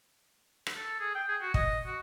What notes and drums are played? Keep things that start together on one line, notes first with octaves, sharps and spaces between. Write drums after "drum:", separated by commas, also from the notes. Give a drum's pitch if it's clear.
drum: rim click
A4
G#4
G5
G#4
F#4
D#5, drum: kick
F#4